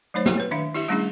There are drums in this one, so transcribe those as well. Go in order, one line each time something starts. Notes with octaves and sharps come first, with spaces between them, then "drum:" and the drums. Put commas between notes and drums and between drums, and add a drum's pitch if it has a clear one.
F#3 A3 D#4 C5 C#5
A#3 E4 G4 A4, drum: snare
B4 C#5
D#3 D4 E5 F5
E4 G4 E5, drum: cymbal
G3 A3 C#4 D4 E4 G#4